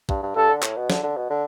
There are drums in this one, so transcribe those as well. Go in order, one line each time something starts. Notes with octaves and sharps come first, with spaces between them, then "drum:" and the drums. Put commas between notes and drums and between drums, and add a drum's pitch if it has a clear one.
G2, drum: kick
G2
G2 A4
D3
A2, drum: clap
B2
D3, drum: snare
D3
B2
D3